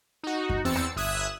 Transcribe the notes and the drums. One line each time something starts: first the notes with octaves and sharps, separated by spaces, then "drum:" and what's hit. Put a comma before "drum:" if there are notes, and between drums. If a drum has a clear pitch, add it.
D#4 F#4
drum: kick F#2
E2 C4 E6 A6 C#7
drum: rim click
G1 E5 D#6 F#6 G#6 E7